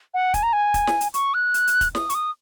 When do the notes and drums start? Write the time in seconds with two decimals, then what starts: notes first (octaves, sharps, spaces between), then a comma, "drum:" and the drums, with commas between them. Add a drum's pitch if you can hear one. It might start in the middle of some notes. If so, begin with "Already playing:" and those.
0.14 F#5
0.34 G#5, drum: kick, hi-hat
0.43 A#5
0.53 G#5
0.74 drum: kick, hi-hat
0.87 drum: snare
1.01 drum: hi-hat
1.14 C#6, drum: hi-hat
1.34 F#6
1.54 drum: hi-hat
1.67 drum: hi-hat
1.81 drum: kick, hi-hat
1.95 D#6, drum: snare
2.10 C#6, drum: hi-hat
2.14 D#6